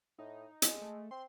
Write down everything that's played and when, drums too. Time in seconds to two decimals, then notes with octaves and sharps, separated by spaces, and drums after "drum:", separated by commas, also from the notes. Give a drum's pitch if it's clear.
0.19 A2 D#4
0.62 G#3, drum: hi-hat
0.82 A3
1.11 C4 C6